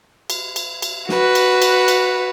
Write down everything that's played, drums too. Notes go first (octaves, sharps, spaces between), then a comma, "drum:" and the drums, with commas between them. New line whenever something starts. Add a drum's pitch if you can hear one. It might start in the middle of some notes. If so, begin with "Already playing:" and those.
drum: cymbal
drum: cymbal
drum: cymbal
F#4 B4, drum: snare
drum: cymbal
drum: cymbal
drum: cymbal